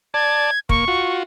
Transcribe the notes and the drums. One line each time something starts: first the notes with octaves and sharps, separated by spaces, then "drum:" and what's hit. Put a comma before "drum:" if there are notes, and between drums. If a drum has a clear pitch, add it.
D5 A5 G#6
A#3 C#6, drum: kick
F4 F#4